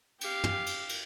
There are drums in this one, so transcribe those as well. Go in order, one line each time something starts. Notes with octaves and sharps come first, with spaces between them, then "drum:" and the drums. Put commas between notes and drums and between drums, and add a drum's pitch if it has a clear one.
G4 F5, drum: cymbal
drum: tom
drum: cymbal
drum: cymbal